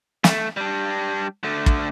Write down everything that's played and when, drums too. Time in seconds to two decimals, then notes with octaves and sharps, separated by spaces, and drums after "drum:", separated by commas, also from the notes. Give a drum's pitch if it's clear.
0.24 A3, drum: snare
0.57 G3 D4
1.44 D3 A3
1.66 drum: kick